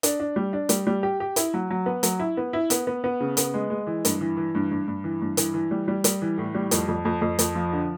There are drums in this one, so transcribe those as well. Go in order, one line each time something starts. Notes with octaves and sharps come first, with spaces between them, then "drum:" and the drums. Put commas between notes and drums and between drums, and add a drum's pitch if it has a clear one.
D4, drum: hi-hat
D4
G3
D4
G3, drum: hi-hat
G3
G4
G4
E4, drum: hi-hat
F#3
F#3
B3
F#3, drum: hi-hat
E4
B3
E4
B3, drum: hi-hat
B3
B3
C#3
B3, drum: hi-hat
G#3
G#3
E3
G2, drum: hi-hat
E3
E3
G2
G2
G2
E3
G2
E3, drum: hi-hat
E3
G3
G3
G3, drum: hi-hat
E3
A2
G3
F2, drum: hi-hat
F2
F2
F2
F2, drum: hi-hat
F3
D3